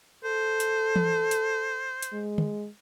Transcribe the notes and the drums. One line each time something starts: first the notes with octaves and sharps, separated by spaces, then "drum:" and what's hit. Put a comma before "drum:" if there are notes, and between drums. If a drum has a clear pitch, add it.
A4 C5
drum: hi-hat
drum: tom E3
drum: hi-hat
drum: hi-hat
G#3
drum: tom